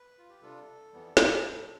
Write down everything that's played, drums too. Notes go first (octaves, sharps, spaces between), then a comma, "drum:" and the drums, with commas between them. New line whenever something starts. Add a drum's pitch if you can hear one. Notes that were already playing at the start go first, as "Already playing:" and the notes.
Already playing: B4
F4
G4
C3 G3 D4 F4 A4
F2 E3 G3 B3
drum: snare
A2 F3 C4